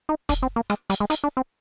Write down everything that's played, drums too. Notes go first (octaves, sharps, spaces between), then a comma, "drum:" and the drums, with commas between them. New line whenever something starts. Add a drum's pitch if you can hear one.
D#4
D4, drum: kick, hi-hat
C4
A#3
G#3, drum: rim click
G3, drum: hi-hat
G#3
D#4, drum: hi-hat
D4
C4